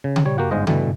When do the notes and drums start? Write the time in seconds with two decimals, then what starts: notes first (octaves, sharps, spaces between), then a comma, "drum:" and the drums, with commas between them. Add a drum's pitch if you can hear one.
0.04 C#3
0.16 drum: tom C#3
0.25 G3 C#5
0.38 A#3 F#4 G4 F#5
0.51 G1 G#2 G#3 C5 D#5 F5
0.67 G2 B2 E3 G3 A3, drum: tom C#3